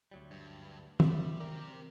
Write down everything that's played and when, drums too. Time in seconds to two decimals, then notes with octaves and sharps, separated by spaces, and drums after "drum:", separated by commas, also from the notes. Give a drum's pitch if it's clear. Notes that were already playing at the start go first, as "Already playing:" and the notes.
0.11 D2 F#3 G3
0.31 G2
1.00 D#3 G3 E5, drum: tom
1.40 C4 G4 A#4 D5